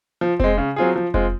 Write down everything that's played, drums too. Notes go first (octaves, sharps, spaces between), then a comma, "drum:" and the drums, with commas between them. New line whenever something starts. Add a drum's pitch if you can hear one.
F3
G#3 C4, drum: kick F1
C#3
F#3 C4 F4 G#4
F3
G#3 C4 F4, drum: kick F1